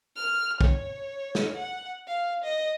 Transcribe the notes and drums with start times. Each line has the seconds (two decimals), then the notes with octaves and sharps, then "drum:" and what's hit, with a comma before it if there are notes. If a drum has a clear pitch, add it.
0.16 F6
0.61 C#5, drum: kick
1.35 drum: snare
1.56 F#5
2.08 F5
2.44 D#5